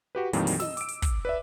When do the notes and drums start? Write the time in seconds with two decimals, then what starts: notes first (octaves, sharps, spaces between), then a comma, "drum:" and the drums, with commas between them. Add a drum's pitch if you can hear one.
0.15 F#4 G4 B4
0.33 F2 A#2 D#3 E3 F#3 G3, drum: hi-hat
0.47 drum: open hi-hat
0.60 D#5 E6, drum: snare
0.77 D6 D7, drum: hi-hat
0.88 drum: hi-hat
1.02 drum: kick, hi-hat
1.25 B4 D5 E5